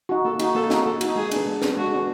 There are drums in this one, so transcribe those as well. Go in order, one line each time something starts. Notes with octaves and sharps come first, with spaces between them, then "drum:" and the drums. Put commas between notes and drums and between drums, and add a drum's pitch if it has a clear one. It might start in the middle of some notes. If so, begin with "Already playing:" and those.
D#4 F#4
A#3 A4
D#4 F#4, drum: cymbal
A#3 A4
D#4 F#4, drum: snare
A#3 A4
D#4 F#4, drum: cymbal
G#3 G#4
B3 D4, drum: cymbal
G#3
B3 D4, drum: snare
G#3 F#4
B3 D4